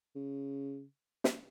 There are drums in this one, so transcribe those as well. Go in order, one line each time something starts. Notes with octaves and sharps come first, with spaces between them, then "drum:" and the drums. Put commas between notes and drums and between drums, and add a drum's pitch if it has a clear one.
C#3
drum: snare